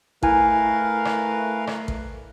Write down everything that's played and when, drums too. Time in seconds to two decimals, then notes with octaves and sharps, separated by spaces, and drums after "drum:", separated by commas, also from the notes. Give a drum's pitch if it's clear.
0.23 A3 E4 A#4 B4 F5 G#5, drum: kick A1
1.05 drum: rim click
1.67 drum: rim click
1.88 drum: kick A1